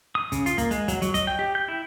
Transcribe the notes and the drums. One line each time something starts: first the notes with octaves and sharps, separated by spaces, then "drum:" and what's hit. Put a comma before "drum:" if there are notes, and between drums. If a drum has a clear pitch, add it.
D#6
C#3, drum: kick, hi-hat
F4, drum: hi-hat
A#3, drum: kick, hi-hat
G#3, drum: hi-hat
F#3, drum: kick, hi-hat
F#3, drum: hi-hat
D#5, drum: kick, hi-hat
G5
G4
G6
E4